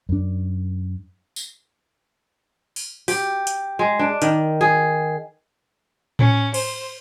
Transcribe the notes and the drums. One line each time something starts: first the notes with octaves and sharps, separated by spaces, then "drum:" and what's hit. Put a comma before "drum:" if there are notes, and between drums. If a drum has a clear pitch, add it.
F#2 D4
drum: tambourine
drum: open hi-hat
G4, drum: open hi-hat
drum: hi-hat
G#3
D4
D#3, drum: hi-hat
G#4
C#4, drum: tom A2
C5, drum: cymbal